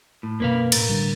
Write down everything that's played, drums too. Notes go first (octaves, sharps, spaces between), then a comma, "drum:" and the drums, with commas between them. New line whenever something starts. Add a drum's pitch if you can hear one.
A2
F#2 B2 A#3 B4 F5
A2 A#4 A6, drum: cymbal
D3 G3